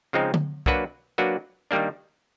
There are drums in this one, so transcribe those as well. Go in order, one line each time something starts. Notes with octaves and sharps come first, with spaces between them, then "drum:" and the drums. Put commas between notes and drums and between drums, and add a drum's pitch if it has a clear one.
C#3 F3 G#3 C4 D#4
drum: tom D3
F#3 A#3 D4 F#4 B4, drum: kick
F#3 A#3 D4 F#4 B4
D#3 G3 A#3 D4